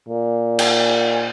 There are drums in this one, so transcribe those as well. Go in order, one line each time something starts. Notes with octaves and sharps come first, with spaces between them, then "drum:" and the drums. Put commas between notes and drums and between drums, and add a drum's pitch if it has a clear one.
A#2
drum: cymbal